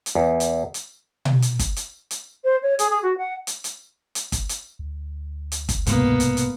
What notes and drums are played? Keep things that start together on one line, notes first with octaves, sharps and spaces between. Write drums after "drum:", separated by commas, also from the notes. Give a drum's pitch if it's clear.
drum: hi-hat
E2
drum: hi-hat
drum: hi-hat
drum: tom B2
drum: hi-hat
drum: kick G1, hi-hat
drum: hi-hat
drum: hi-hat
C5
C#5
G#4, drum: hi-hat
G#4
F#4
F#5
drum: hi-hat
drum: hi-hat
drum: hi-hat
drum: kick G1, hi-hat
drum: hi-hat
D2
drum: hi-hat
drum: kick G1, hi-hat
B1 G#2 C3 A#3 B3, drum: hi-hat
drum: hi-hat
drum: hi-hat